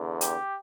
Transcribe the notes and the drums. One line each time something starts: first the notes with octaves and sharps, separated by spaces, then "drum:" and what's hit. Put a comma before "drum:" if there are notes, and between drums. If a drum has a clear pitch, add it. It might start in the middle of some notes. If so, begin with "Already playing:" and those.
Already playing: E2 D3
G4, drum: hi-hat